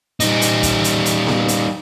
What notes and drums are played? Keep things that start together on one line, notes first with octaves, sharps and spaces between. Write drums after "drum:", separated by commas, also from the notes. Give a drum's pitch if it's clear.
G3 D#4, drum: hi-hat
drum: hi-hat
drum: kick, hi-hat
drum: hi-hat
drum: hi-hat
drum: snare B3
drum: hi-hat